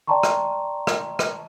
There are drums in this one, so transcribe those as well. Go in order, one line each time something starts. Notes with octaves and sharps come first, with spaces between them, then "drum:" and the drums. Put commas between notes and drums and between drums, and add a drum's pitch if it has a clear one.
D5 G5 A5 A#5 C6 C#6
drum: rim click
drum: rim click
drum: rim click